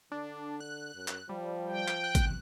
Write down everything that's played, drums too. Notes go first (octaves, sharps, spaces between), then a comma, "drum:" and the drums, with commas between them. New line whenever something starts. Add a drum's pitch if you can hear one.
D3 D4
F#6
F#2
drum: clap
F3 G3
G5
drum: clap
F#6
drum: kick, hi-hat